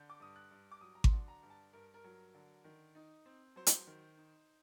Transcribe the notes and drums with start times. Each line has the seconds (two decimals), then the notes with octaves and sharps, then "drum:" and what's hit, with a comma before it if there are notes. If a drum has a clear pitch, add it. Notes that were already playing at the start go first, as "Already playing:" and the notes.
Already playing: D3 G6
0.10 D6
0.20 G2 D#6
0.36 F#6
0.51 G2
0.72 D6
0.81 F#3 D#6
0.95 A#5
1.04 C6, drum: kick G#1
1.13 D3
1.28 A#5
1.43 G2
1.50 A5
1.73 G2 A#4
1.94 A#4
2.04 F#3
2.35 D3
2.64 D#3
2.95 D#4
3.26 C4
3.56 F#3 C5
3.67 drum: hi-hat
3.87 D#3
4.17 D#4